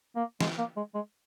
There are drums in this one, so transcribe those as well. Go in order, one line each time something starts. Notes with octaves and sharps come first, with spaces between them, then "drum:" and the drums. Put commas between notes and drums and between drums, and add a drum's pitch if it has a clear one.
A#3
G#3, drum: snare
A#3
G#3
G#3